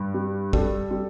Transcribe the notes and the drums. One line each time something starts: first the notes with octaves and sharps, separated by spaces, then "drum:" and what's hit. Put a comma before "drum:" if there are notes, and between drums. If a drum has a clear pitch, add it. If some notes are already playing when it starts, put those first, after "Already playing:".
Already playing: G2
G3
G3 A4, drum: kick
G3